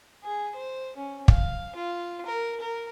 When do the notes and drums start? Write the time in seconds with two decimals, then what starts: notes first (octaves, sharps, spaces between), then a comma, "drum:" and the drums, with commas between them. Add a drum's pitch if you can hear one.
0.24 G#4
0.55 C5
0.96 C#4
1.28 F5, drum: kick
1.76 F4
2.26 A#4
2.60 A#4